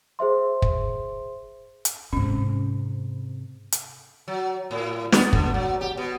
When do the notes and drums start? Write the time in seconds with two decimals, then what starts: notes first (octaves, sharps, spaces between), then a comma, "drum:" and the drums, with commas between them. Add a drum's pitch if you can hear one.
0.19 G#4 C5 E5 C6
0.62 drum: kick
1.85 drum: hi-hat
2.13 G#2 C3 C#4
3.72 drum: hi-hat
4.28 F#3
4.71 A2
5.12 B3, drum: snare
5.33 D3, drum: kick
5.54 F#3
5.81 G4
5.97 B2